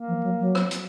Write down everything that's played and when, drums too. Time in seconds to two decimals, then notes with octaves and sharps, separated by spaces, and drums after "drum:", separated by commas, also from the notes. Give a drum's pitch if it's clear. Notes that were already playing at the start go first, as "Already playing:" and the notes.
Already playing: A#3
0.08 F3
0.23 F#3
0.40 F#3
0.55 drum: rim click
0.71 drum: hi-hat